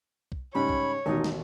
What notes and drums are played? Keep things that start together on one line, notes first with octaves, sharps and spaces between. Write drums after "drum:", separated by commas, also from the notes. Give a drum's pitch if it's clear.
drum: kick B1
G#2 C#3 G3 C#5 B5
drum: kick B1
A1 D#2 B2 D#4
drum: snare